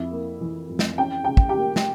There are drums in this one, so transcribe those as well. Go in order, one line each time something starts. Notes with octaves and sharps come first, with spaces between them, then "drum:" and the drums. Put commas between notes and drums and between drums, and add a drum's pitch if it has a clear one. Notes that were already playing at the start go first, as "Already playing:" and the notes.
Already playing: F2 E4 E5
A#3
E3
F2
drum: snare
C#4 G5
C#3 G5
drum: kick
G4 G5
A#3
drum: snare